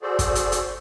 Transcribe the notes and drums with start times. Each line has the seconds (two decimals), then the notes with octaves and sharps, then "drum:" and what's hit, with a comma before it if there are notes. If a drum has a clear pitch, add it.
0.02 F#4 G#4 A4 C5 D5
0.19 drum: kick, hi-hat
0.35 drum: hi-hat
0.52 drum: hi-hat